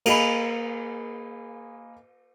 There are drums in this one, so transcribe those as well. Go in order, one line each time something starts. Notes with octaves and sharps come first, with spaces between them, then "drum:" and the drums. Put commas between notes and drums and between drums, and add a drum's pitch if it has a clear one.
A#3 G#4 D#5 B5, drum: cymbal